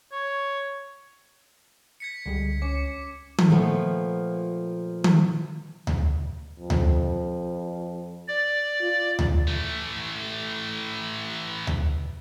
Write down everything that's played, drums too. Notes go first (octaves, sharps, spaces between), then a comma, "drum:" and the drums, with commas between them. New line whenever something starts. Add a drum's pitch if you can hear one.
C#5
G#6 B6 C#7
C#2 D3 G3 G#3
C#4 D6 C#7
drum: tom D#3
A#2 F3 A3 B3
drum: tom D#3
drum: tom D2
F2
drum: tom D2
D5
F4
drum: tom D2
E3 A3
drum: tom D2